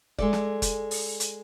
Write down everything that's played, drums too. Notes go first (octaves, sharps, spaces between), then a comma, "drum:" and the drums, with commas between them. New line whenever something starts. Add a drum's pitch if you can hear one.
G#3 A4 D5, drum: kick F1
drum: snare
drum: kick F1, hi-hat
drum: open hi-hat
drum: hi-hat